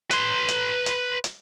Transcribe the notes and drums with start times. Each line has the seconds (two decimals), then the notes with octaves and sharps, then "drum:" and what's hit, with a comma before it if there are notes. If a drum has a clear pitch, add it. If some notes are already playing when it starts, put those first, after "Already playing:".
0.11 B4 C6, drum: hi-hat
0.48 drum: hi-hat
0.86 drum: hi-hat
1.24 drum: hi-hat